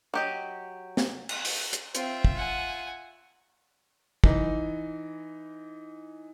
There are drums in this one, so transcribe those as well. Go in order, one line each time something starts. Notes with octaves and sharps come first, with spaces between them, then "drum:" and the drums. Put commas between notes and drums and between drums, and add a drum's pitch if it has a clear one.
F#3 G4 D#5
drum: snare
drum: cymbal
drum: open hi-hat
drum: hi-hat
C4 F4 E5, drum: hi-hat
drum: kick
F#5 G#5
E3 D#4, drum: kick